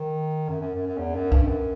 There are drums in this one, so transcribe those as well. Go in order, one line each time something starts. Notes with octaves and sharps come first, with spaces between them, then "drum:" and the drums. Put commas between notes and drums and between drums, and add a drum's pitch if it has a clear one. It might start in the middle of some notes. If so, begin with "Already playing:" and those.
Already playing: D#3
F#2
F#2
F#2
F#2
E2
F#2
G2, drum: kick C2
F#2